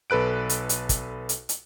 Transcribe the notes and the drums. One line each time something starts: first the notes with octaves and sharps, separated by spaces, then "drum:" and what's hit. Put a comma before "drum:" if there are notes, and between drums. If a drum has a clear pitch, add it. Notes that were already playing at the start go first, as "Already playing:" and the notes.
B1 A4 B4 F#6 D7
drum: hi-hat
drum: hi-hat
drum: kick, hi-hat
drum: hi-hat
drum: hi-hat